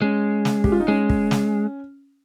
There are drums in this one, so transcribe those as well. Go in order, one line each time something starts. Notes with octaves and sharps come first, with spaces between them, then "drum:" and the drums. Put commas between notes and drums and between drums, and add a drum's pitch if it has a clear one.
G#3 C#4
drum: snare
G4, drum: kick
F4
D#4
G#3 C#4
drum: kick
drum: snare